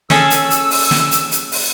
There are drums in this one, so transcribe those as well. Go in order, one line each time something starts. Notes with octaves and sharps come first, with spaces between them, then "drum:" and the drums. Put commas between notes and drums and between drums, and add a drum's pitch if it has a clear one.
C#4 G#4 A4 E6, drum: snare
drum: hi-hat
drum: hi-hat
drum: open hi-hat
drum: snare
drum: hi-hat
drum: hi-hat
drum: open hi-hat